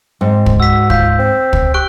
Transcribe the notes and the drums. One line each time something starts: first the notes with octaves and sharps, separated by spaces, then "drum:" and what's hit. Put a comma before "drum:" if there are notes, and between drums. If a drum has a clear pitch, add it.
G#2 C4
drum: kick
F#4 E6 B6
F4 G6 B6, drum: kick
C4
drum: kick
G4 C#6 F#6 D7